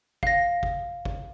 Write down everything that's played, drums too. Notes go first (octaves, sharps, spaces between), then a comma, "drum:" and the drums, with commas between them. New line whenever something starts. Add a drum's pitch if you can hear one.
F5 A#6, drum: kick
drum: kick
drum: kick